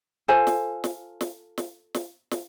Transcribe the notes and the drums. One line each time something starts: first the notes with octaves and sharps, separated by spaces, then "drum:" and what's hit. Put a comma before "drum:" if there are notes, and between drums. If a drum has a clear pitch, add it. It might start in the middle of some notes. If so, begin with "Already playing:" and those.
F4 A4 C5 G#5
drum: snare
drum: snare
drum: snare
drum: snare
drum: snare
drum: snare